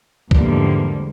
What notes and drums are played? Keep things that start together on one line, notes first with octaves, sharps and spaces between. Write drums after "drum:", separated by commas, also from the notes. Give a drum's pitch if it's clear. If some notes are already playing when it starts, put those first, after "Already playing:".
E2 G#2 D3 F3 G3 A#3, drum: kick C2